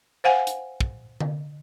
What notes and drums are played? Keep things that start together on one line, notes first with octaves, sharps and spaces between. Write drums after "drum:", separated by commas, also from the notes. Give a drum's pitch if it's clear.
C5 F5 F#5 G#5
drum: hi-hat
drum: kick
drum: tom D3